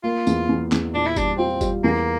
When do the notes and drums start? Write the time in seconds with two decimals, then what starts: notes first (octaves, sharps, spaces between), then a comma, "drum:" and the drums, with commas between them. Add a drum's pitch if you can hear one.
0.04 A#3 F4
0.27 E2, drum: tambourine
0.49 E2
0.72 E2, drum: clap
0.94 A#2 D4
1.06 E4
1.16 G3 D4, drum: kick F#1, tambourine
1.38 C4 F4
1.61 G3, drum: kick F#1, tambourine
1.84 E2 A#3